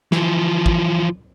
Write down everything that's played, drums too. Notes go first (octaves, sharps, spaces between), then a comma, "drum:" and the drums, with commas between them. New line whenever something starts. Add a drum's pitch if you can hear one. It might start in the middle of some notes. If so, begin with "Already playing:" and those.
E3 F3, drum: snare
drum: kick